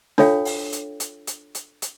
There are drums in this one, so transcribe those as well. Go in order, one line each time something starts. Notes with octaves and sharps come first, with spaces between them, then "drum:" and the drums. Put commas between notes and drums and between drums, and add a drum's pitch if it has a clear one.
D4 F4 A4 C#5 F5 G5, drum: snare
drum: open hi-hat
drum: hi-hat
drum: hi-hat
drum: hi-hat
drum: hi-hat
drum: hi-hat